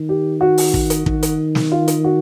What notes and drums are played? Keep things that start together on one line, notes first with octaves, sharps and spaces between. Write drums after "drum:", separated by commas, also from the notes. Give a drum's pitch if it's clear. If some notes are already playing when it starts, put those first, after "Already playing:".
Already playing: D#3
G4
F#4
drum: open hi-hat
drum: kick
drum: hi-hat
D#3, drum: kick
drum: hi-hat
drum: snare
F4
drum: hi-hat
F#4